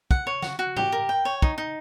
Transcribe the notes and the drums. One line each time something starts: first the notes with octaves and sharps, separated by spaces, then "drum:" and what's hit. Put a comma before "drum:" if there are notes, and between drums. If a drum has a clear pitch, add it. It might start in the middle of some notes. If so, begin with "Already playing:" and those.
F#5, drum: kick
C#5
F#4, drum: snare
F#4
G4, drum: tom G#2
A#4
G5
C#5
D#4, drum: kick
D#4